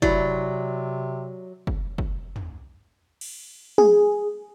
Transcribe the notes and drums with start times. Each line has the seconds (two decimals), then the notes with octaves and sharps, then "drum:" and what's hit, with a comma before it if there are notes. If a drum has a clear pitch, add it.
0.02 C3 F#3 E4 F#4 D5, drum: kick
1.67 drum: kick
1.98 drum: kick
2.36 drum: tom
3.21 drum: cymbal
3.78 G#4, drum: tom